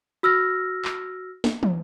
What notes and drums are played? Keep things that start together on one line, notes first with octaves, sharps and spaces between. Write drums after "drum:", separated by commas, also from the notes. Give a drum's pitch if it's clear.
F#4 E6 F6 A#6
drum: clap
drum: snare
drum: tom